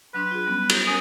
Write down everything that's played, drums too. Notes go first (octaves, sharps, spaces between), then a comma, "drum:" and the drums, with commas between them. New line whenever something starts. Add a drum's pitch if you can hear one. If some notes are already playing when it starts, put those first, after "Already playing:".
F#3 D4 B4 C6
F4 G#4
G3 B3 C#4
drum: cymbal
C#4 A#4 G#5 D#6